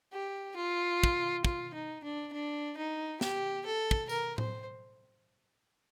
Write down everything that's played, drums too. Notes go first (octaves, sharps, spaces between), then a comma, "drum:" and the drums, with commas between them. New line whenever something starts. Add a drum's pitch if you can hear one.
G4
F4
drum: kick
F4, drum: kick
D#4
D4
D4
D#4
G4, drum: snare
A4
drum: kick
A#4, drum: tambourine
C5, drum: tom A2